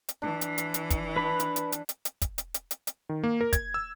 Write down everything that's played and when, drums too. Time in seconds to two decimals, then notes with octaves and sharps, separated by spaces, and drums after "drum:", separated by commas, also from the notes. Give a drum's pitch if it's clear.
0.08 drum: hi-hat
0.22 E3 D4
0.41 drum: hi-hat
0.58 drum: hi-hat
0.74 drum: hi-hat
0.90 drum: kick, hi-hat
1.16 D4 B4 B5
1.40 drum: hi-hat
1.56 drum: hi-hat
1.72 drum: hi-hat
1.89 drum: hi-hat
2.05 drum: hi-hat
2.22 drum: kick, hi-hat
2.38 drum: hi-hat
2.54 drum: hi-hat
2.71 drum: hi-hat
2.87 drum: hi-hat
3.09 D#3
3.23 A#3
3.41 A#4
3.53 G#6, drum: kick, hi-hat
3.74 E6